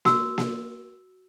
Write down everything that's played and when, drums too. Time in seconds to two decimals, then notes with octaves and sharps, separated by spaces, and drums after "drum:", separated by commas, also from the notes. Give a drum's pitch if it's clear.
0.05 F#4 E6, drum: snare A#3
0.38 drum: snare A#3